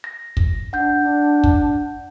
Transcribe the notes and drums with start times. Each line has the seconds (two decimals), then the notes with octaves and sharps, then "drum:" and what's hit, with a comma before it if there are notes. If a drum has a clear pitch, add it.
0.04 A#6
0.37 drum: kick
0.73 D4 F#5 G6
1.01 D4
1.44 drum: kick